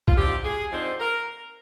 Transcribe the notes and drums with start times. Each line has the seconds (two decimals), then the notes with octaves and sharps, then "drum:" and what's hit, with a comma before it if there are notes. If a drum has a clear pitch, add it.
0.08 F4, drum: kick A#1
0.16 D3 F3 C4 D#4 G4
0.44 G#4
0.72 D3 F3 C4 D#4 C5
1.00 A#4